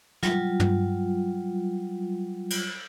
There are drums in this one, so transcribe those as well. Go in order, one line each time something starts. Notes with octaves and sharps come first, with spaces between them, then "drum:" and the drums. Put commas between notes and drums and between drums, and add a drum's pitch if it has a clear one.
F#3 G3 F4, drum: snare
drum: tom
drum: cymbal